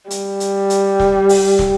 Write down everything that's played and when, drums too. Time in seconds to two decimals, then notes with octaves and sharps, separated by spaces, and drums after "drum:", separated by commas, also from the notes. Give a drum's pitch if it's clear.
0.11 G3, drum: hi-hat
0.40 drum: hi-hat
0.70 drum: hi-hat
1.00 drum: snare
1.29 drum: open hi-hat
1.59 drum: snare